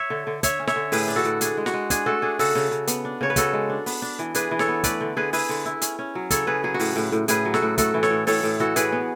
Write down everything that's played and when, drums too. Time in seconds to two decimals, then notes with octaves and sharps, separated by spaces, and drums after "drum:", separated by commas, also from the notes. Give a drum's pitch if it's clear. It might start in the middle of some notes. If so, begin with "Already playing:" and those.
Already playing: C#5 E5
0.10 D3
0.27 D3
0.43 D3 C#5 E5, drum: kick, hi-hat
0.59 C#4
0.67 C#5 E5, drum: snare
0.76 D3
0.92 A2 G#4 B4, drum: open hi-hat
1.08 D4
1.16 F#4 A4
1.25 A2
1.41 D4 G#4, drum: hi-hat
1.57 G#3
1.66 F#4, drum: snare
1.74 G#3
1.90 D4 G#4, drum: kick, hi-hat
2.06 A3 F#4 A4
2.22 D4 G#4
2.39 C#3 F#4 A4, drum: open hi-hat
2.55 C#3
2.71 C#3
2.87 B3, drum: hi-hat
3.05 D4
3.21 C#3 C#5
3.30 B4
3.36 C#3 F#4 A4, drum: kick, hi-hat
3.53 G#3
3.70 D4
3.86 B3, drum: open hi-hat
4.02 D4
4.19 E3
4.34 D4 G#4 B4, drum: hi-hat
4.51 E3
4.59 A4 C#5, drum: snare
4.68 B3
4.84 A3 B4 D5, drum: kick, hi-hat
5.01 D3
5.16 D3 G#4 B4
5.33 E4 G#4 B4, drum: open hi-hat
5.49 D3
5.66 E4
5.82 C#4, drum: hi-hat
5.99 C#4
6.15 F#3
6.30 C#3 A4 C#5, drum: kick, hi-hat
6.47 C#3 G#4 B4
6.63 F#3 G#4
6.74 F#4
6.79 A2 G#4, drum: open hi-hat
6.96 A2
7.12 A2
7.28 A2 G#4 B4, drum: hi-hat
7.45 F#3
7.54 F#4 A4, drum: snare
7.62 A2
7.78 A3 F#4 A4, drum: kick, hi-hat
7.94 E3
8.03 A4 C#5, drum: snare
8.11 A2
8.27 A2 A4 C#5, drum: open hi-hat
8.43 A2
8.60 E3 F#4 A4
8.76 E3 G#4 B4, drum: hi-hat
8.92 B3